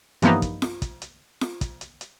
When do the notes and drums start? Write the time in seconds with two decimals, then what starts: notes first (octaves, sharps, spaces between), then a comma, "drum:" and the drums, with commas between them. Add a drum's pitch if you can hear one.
0.22 G2 E3 F3 A#3 B3 D#4, drum: hi-hat
0.42 drum: kick, hi-hat
0.62 drum: snare F4
0.82 drum: kick, hi-hat
1.02 drum: hi-hat
1.41 drum: snare F4
1.61 drum: kick, hi-hat
1.81 drum: hi-hat
2.01 drum: hi-hat